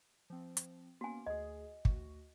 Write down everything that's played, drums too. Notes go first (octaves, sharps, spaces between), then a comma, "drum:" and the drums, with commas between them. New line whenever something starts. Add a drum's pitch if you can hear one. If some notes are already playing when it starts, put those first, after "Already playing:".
F3 C4
drum: hi-hat
A#3 B3 C#4 F#4 G#5
D2 G#4 D#5
D2 F#4, drum: kick